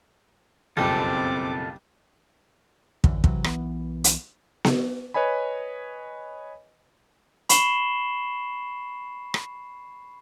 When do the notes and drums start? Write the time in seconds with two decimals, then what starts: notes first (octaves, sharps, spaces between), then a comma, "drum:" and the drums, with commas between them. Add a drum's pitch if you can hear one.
0.77 F#1 B1 F2 G3 C4 F4 A4 D6
3.04 C2 F#2 D3 E3, drum: kick
3.24 C3 E3 F#3, drum: kick
3.44 B1 E3 B3, drum: rim click
4.04 drum: hi-hat
4.65 drum: snare B3
5.14 B4 C#5 D#5 G#5 B5
7.49 B5 C#6 C7 E7 F#7 G7, drum: hi-hat
9.34 drum: rim click